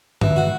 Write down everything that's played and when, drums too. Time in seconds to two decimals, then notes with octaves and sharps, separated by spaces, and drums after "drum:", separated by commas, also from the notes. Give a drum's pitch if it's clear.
0.21 E3, drum: tom
0.36 F#4